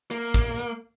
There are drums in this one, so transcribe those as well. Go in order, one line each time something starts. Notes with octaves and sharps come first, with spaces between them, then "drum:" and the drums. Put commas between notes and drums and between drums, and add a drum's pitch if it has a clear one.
A#3, drum: hi-hat
drum: kick, hi-hat
drum: hi-hat